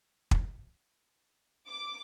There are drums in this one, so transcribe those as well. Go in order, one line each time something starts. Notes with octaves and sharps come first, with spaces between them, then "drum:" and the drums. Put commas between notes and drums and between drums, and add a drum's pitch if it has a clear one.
drum: kick
D6